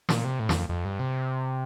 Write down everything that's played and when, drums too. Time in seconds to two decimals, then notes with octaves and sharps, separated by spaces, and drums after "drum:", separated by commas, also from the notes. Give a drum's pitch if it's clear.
0.09 A#2, drum: snare
0.25 C3
0.40 A2
0.49 E2, drum: snare
0.54 F2
0.69 F2
0.85 G2
0.99 C3